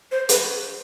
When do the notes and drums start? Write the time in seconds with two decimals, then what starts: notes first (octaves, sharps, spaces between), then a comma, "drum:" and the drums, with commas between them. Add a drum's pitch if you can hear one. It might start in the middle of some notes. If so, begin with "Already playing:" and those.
0.12 C5
0.29 B4, drum: hi-hat